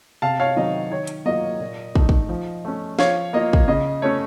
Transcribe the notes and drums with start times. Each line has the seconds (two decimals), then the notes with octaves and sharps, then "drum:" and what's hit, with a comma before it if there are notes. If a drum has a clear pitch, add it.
0.22 C3 F5 A5
0.40 C#5 F5
0.56 D#3 F#3 C4 D#4 D#5
0.91 D#3 C#5
1.07 drum: hi-hat
1.26 F#3 A#3 F4 D#5
1.60 A#2
1.95 A3 D#4, drum: kick
2.09 drum: kick
2.29 F3
2.65 A3 C#4
2.99 F3 C#5 F5, drum: snare
3.33 A#3 F4 D#5
3.53 drum: kick
3.68 C#3 D#5
4.02 A3 C#4 C#5